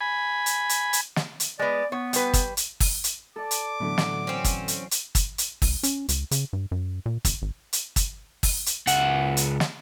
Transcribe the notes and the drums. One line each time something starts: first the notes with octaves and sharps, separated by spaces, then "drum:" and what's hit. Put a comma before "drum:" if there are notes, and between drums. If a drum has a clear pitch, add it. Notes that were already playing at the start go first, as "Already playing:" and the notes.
G#5 B5
drum: hi-hat
drum: hi-hat
drum: hi-hat
drum: snare
drum: hi-hat
G#3 B3 D5
B3 C#5
G3 B4, drum: hi-hat
drum: kick, hi-hat
drum: hi-hat
drum: kick, open hi-hat
drum: hi-hat
A4 D5 D6
drum: hi-hat
A2 D3 E3 F#3 B3 A4
drum: snare
C4 C#4
drum: kick, hi-hat
drum: hi-hat
drum: hi-hat
drum: kick, hi-hat
drum: hi-hat
C2, drum: kick, open hi-hat
C#4, drum: hi-hat
C#2, drum: hi-hat
C#3, drum: hi-hat
G2
F#2
A#2
G1, drum: kick, hi-hat
G#1
drum: hi-hat
drum: kick, hi-hat
drum: kick, open hi-hat
drum: hi-hat
C#2 F#5, drum: hi-hat
drum: hi-hat
drum: snare